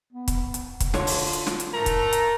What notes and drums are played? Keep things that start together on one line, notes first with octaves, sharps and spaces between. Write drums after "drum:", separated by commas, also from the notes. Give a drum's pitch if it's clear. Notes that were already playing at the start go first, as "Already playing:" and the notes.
B3
drum: kick, hi-hat
drum: hi-hat
drum: kick, hi-hat
D3 F4 C#5, drum: snare
drum: open hi-hat
drum: hi-hat
drum: snare
drum: hi-hat
G#2 A3 A#4 A#5
drum: kick, hi-hat
drum: hi-hat